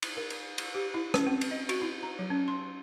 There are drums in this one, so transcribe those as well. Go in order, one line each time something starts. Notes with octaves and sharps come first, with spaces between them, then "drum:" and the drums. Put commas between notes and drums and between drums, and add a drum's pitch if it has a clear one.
drum: cymbal
A#4
drum: cymbal
drum: cymbal
G4
E4
C#4, drum: rim click
C4
drum: cymbal
D#5
F#4, drum: cymbal
E4
A#5
F#3
C#4
C6